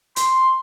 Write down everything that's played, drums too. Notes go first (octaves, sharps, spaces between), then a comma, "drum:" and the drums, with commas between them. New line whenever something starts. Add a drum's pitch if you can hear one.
C6, drum: hi-hat